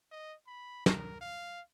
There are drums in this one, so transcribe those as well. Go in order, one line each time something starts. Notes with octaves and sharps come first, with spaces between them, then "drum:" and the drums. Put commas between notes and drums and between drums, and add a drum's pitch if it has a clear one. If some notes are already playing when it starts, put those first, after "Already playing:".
D#5
B5
A#4, drum: snare
F5